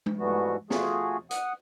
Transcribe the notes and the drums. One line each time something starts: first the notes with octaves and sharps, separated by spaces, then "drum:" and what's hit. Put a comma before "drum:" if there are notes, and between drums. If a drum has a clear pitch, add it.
drum: tom G#3
G#2 E3 G3 A3 B3 F#4
A3 F4 F#4 G#4, drum: snare
F#5 D#6, drum: hi-hat